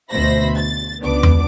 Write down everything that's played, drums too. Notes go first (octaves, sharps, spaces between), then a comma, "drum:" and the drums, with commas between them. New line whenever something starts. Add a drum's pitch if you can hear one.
D2 B2 C5 E5 B5 A#6
A6
C#2 B3 D4 D6
drum: tom E2